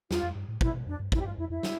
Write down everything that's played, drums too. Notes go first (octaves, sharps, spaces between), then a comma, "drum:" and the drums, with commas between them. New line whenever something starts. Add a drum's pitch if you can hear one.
E2 F4, drum: snare
F2
G2
A2
B2 E4, drum: kick
B2
F2 D4
G2
F2 E4, drum: kick
G4
G2 F4
F2 E4
F2 E4
drum: snare